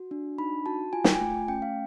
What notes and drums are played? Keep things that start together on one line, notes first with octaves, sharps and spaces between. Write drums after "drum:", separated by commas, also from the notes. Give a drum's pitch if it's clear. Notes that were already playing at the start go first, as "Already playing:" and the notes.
Already playing: F#4
D4
D#4 B5
F#4 A5
F4 G#5
G5, drum: snare
G#5
A3
C#4 G5
F5